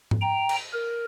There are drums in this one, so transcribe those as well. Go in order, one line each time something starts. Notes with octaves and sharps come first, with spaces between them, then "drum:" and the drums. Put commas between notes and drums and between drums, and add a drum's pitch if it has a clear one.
drum: tom G#2
G5 A#5
drum: cymbal
A#4